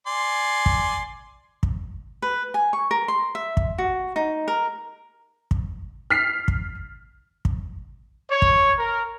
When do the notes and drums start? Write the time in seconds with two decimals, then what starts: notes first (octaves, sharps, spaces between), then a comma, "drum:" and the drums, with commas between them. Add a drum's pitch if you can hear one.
0.07 D5 G#5 C6
0.66 drum: kick
1.63 drum: kick
2.22 B4
2.54 G#5
2.73 C#6
2.91 A#4
3.08 C6
3.35 E5
3.57 drum: kick
3.78 F#4
4.16 D#4
4.48 A#4
5.51 drum: kick
6.10 F6 B6 C7
6.48 drum: kick
7.45 drum: kick
8.31 C#5
8.42 drum: kick
8.79 A#4